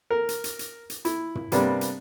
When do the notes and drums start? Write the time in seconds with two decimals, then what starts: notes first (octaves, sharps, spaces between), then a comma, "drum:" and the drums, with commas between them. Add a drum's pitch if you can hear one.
0.11 A#4
0.29 drum: hi-hat
0.44 drum: hi-hat
0.59 drum: hi-hat
0.90 drum: hi-hat
1.05 E4, drum: hi-hat
1.35 drum: tom
1.52 C3 G3 A#3 B3 D4, drum: hi-hat
1.81 drum: hi-hat